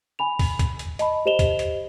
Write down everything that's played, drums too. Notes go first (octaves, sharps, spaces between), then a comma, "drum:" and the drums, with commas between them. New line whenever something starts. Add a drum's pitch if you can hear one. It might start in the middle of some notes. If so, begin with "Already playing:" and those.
G#5 B5 F7
drum: kick, open hi-hat
drum: kick, hi-hat
drum: hi-hat
D#5 A5 B5, drum: hi-hat
G4 C5 D#5 E7 F7 G7
drum: kick, hi-hat
drum: hi-hat